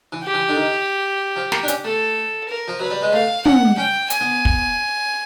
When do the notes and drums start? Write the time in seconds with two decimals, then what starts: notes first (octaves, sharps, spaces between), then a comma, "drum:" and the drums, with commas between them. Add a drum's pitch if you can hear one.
0.12 E3
0.23 G4
0.34 E3
0.49 D3
0.55 D#3
1.36 F3
1.52 A#3, drum: snare
1.63 D4
1.68 C#4, drum: hi-hat
1.85 A3 A4
2.49 A#4
2.68 F3
2.80 F#3 B4
2.90 G3
3.02 G#3
3.13 A3 F5
3.45 C#4 F#5, drum: tom
3.77 C#4 G5
4.10 G#5, drum: hi-hat
4.21 B3
4.45 drum: kick